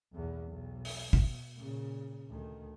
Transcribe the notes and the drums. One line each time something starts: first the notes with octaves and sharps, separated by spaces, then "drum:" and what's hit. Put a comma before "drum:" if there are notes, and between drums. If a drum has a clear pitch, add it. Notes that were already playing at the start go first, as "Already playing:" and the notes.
B1 E2
B1
drum: open hi-hat
B2, drum: kick
A#2 C#3
D2 D#3